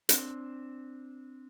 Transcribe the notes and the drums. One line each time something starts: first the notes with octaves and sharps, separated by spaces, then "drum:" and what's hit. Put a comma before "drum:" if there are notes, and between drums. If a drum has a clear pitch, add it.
C4 D4, drum: hi-hat